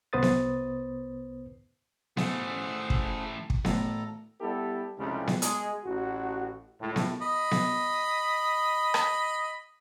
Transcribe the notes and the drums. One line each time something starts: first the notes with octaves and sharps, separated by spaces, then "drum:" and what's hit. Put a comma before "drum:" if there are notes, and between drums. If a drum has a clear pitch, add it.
C2 B3 B4 C5 D#6 A6
drum: snare B3
E3 A3 G#4 C5 F#5, drum: snare B3
drum: kick
drum: kick
A1 A2 A4 A#5, drum: snare B3
G3 B3 E4 G4 A4
C2 F2 C#3 G3 G#3
drum: snare B3
G#3 G#4, drum: hi-hat
A1 F#4
C#2 A2
drum: snare B3
D#5 B5
drum: snare B3
drum: rim click